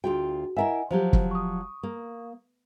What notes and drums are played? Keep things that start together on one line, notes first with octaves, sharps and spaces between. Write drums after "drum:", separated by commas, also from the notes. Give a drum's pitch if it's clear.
D2 F4 F#4 G#4 G5
E4 A#4 D#5 E5 F#5 G#5
F3 F#3 G4 C5
drum: kick
C#6 D#6
A#3